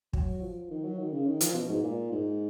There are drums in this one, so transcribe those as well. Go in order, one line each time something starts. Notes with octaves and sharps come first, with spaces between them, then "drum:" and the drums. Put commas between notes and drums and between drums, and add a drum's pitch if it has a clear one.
F#3, drum: kick
F3
D#3
F#3
D#3
C#3
D#3
F3, drum: hi-hat
B2
G#2
A#2
G#2